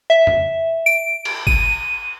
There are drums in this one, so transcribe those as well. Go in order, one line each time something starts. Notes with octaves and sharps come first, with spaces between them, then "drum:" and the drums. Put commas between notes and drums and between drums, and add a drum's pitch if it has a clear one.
E5
drum: tom F2
D7
drum: cymbal
D#7, drum: kick G1